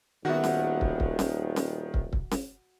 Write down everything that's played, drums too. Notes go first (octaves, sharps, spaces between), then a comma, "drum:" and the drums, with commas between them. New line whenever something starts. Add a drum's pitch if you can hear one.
D#1 D#3 B3 F#4 G#4 E5
drum: snare C#4
drum: kick
drum: kick
drum: snare C#4
drum: snare C#4
drum: kick
drum: kick
drum: snare C#4